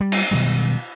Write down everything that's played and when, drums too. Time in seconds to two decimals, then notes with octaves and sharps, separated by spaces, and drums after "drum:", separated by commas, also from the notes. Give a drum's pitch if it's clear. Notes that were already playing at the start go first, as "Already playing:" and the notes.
0.01 G3
0.12 drum: cymbal
0.31 B2 D#3 F#3 G3